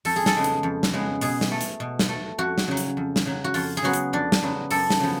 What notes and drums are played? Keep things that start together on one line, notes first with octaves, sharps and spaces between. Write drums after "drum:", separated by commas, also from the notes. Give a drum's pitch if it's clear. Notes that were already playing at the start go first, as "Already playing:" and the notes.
F2 A4, drum: open hi-hat
G#4
A4, drum: snare
C#3 G#3 B3
drum: hi-hat
F2
drum: snare
C#3 G#3 B3
B2 G#4, drum: open hi-hat
drum: snare
A3
drum: hi-hat
B2
drum: snare
A3
F2 F#4
drum: snare
C#3 F#3
drum: hi-hat
F2
drum: snare
C#3 F#3
F#4
F2 F4, drum: open hi-hat
G#4
C#3 F#3 B3 F#4
drum: hi-hat
F2 D4
drum: snare
C#3 F#3 B3
F#2 A4, drum: open hi-hat
drum: snare
C#3 F3 B3